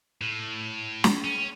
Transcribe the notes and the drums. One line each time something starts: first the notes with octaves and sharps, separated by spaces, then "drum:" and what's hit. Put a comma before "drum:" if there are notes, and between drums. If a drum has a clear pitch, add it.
A2
drum: snare
C#4